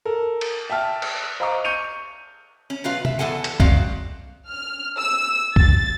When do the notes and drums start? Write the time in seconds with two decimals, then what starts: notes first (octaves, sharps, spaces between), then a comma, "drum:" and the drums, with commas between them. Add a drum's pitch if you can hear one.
0.05 A4 A#4
0.41 drum: cymbal
0.70 E5 G5 A5 F6
1.02 drum: cymbal
1.40 C5 D#5 F5 A#5 C#6 D6
1.64 C#6 G6 C#7 D#7 F7
2.70 C#4
2.84 B2 F#3 F4 B4 F5
3.05 E5, drum: tom
3.19 E2 B3 A4 F#5 G#5
3.44 drum: hi-hat
3.60 F#3 G#3 C4 F#4 D5 F5, drum: kick C2
4.48 F6
4.98 E6
5.56 A6, drum: kick C2